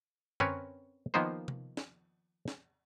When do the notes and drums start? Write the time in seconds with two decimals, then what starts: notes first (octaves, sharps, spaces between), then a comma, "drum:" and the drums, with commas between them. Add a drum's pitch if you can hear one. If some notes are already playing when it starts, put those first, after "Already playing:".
0.40 C4 C#4 A#4 B4 C#5, drum: tom F#2
1.14 D#3 F3 A#3 B3 D#4 C5
1.48 drum: tom
1.77 drum: snare
2.48 drum: snare